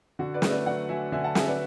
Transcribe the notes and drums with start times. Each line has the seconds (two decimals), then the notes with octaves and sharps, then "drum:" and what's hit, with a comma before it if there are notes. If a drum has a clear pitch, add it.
0.19 D3 F#4
0.34 B4 D5
0.42 A3, drum: snare
0.50 B4 D5
0.66 F#3 D5 F#5
0.89 F#3 E5 G#5
1.12 D3 E5 G#5
1.24 F#5 A5
1.35 F#3 E5 G#5, drum: snare
1.47 B4 D5